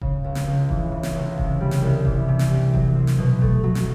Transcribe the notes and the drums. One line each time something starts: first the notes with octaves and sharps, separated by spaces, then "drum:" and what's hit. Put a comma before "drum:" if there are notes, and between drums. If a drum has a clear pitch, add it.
C#3, drum: kick E1
C#2
drum: snare
C#2
E3, drum: kick E1
C#3
drum: snare
C#2
C3, drum: kick E1
G3
drum: snare
C2
E3, drum: kick E1
C3
drum: snare
G3
F#3, drum: kick E1
C4
drum: snare
B2
A3, drum: kick E1
F#3
drum: snare